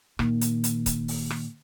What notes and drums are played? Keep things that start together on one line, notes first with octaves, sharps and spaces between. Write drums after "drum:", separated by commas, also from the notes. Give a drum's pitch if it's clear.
A#2 D#3, drum: rim click
drum: hi-hat
drum: hi-hat
drum: kick, hi-hat
drum: open hi-hat
drum: rim click